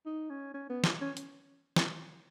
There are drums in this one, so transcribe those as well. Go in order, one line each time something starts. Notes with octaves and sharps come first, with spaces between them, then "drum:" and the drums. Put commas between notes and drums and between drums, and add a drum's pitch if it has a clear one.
D#4
C#4
C#4
B3
drum: snare
C#4
drum: hi-hat
drum: snare